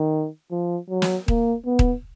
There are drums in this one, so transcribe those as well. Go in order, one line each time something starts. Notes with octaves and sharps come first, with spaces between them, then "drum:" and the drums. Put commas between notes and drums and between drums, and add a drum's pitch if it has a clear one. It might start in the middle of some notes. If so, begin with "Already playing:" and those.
Already playing: D#3
F3
F#3
drum: snare
A#3, drum: kick D#1
B3
drum: kick D#1